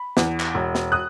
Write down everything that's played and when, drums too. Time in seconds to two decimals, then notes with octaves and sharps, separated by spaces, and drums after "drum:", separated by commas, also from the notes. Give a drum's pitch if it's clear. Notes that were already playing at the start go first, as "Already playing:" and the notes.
Already playing: B5
0.17 E2, drum: snare
0.40 drum: clap
0.54 E1
0.75 drum: snare
0.92 D#6 F#6